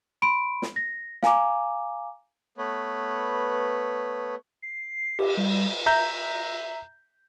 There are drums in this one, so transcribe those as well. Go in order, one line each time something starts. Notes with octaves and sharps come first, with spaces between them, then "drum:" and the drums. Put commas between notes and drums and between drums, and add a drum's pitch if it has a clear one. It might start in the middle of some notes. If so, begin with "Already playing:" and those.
B5 C6 D7
drum: snare
A#6
F5 G#5 A#5 D6, drum: snare
A3 B3 B4 C#5
C7
G4, drum: cymbal
G3
E5 A#5 G6